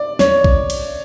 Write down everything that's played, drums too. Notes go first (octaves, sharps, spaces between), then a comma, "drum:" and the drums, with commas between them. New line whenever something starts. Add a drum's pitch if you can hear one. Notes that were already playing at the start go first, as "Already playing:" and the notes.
Already playing: D5
C#5, drum: snare
drum: kick A#1
drum: cymbal